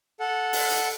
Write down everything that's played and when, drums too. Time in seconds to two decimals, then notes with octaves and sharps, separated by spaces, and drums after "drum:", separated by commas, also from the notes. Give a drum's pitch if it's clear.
0.20 A4 F#5
0.53 drum: open hi-hat
0.69 drum: hi-hat